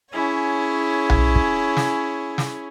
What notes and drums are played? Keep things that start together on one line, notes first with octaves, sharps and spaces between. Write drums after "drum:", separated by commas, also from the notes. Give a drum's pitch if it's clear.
C#4 E4 G#4 C#5
drum: tom B1
drum: kick
drum: snare
drum: snare